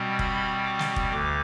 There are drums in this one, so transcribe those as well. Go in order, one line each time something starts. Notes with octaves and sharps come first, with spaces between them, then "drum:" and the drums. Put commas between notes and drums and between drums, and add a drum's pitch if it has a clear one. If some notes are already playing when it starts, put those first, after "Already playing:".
Already playing: B2 G3 C4
B5, drum: kick
D6
drum: snare
drum: kick
D2 D3 D6